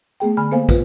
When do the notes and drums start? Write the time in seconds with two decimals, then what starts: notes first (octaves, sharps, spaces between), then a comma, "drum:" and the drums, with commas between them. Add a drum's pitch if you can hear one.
0.20 A3 B3 G#4 G5
0.37 D3 G#5 B5 F6
0.51 A#3 B3 A4 C5 F5 G#5
0.69 F4 B4, drum: kick, tambourine